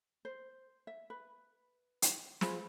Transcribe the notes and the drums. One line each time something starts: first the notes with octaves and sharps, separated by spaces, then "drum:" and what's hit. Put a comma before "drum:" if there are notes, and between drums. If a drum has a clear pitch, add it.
C5
E5
B4
drum: hi-hat
F4 G#4 C5 B5, drum: snare